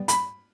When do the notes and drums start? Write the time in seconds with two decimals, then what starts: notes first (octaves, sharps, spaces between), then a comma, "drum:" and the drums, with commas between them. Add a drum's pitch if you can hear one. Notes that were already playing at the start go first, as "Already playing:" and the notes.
Already playing: G3 B3
0.08 B5, drum: hi-hat